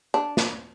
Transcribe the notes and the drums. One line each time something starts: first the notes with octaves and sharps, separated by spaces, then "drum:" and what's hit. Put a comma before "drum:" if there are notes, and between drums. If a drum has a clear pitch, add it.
D4
drum: snare